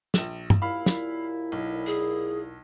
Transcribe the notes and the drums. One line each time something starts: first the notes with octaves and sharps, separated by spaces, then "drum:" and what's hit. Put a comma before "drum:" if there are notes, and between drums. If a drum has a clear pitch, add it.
A#1 E7, drum: snare
drum: tom
D#2 A#2 E4 F5 B5
drum: snare
B1
G#4